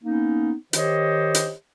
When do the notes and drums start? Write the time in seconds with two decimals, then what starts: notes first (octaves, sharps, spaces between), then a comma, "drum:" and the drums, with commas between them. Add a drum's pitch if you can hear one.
0.04 A#3 B3 C#4 D#4
0.73 D#3 G4 C5 C#5 D#5, drum: hi-hat
1.34 drum: hi-hat